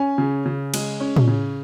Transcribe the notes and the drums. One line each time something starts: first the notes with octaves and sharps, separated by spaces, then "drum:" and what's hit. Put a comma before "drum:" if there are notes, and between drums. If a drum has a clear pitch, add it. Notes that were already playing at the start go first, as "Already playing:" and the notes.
Already playing: C#4 G#5
C#3
C#3
G#3, drum: cymbal
C#4
drum: tom
C#3